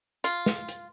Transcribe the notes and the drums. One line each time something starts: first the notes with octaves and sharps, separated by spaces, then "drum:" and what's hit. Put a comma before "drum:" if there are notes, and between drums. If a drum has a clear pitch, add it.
F4, drum: hi-hat
drum: snare
drum: hi-hat